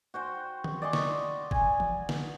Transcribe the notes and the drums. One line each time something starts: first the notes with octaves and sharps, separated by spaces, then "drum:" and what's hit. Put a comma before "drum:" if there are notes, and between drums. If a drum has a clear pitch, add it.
F#4 C5 G5
drum: tom D#3
D5 D#5 C6 C#6
drum: snare
G#5, drum: kick
drum: tom E3
drum: snare